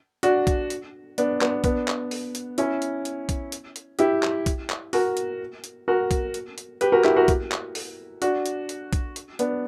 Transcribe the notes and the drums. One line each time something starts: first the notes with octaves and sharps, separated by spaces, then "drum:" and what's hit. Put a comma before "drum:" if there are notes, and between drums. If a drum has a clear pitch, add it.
D4 F#4, drum: hi-hat
drum: kick A#1, hi-hat
drum: hi-hat
B3 D4, drum: hi-hat
B3 D4, drum: clap
B3 D4, drum: kick A#1, hi-hat
drum: clap
drum: open hi-hat
drum: hi-hat
C#4 E4, drum: hi-hat
drum: hi-hat
drum: hi-hat
drum: kick A#1, hi-hat
drum: hi-hat
drum: hi-hat
E4 G4, drum: hi-hat
drum: clap
drum: kick A#1, hi-hat
drum: clap
F#4 A#4, drum: open hi-hat
drum: hi-hat
drum: hi-hat
F#4 A#4
drum: kick A#1, hi-hat
drum: hi-hat
drum: hi-hat
G4 B4, drum: hi-hat
F#4 A#4
E4 G4, drum: clap
F#4 A#4
drum: kick A#1, hi-hat
drum: clap
drum: open hi-hat
D4 F#4, drum: hi-hat
drum: hi-hat
drum: hi-hat
drum: kick A#1, hi-hat
drum: hi-hat
B3 D4, drum: hi-hat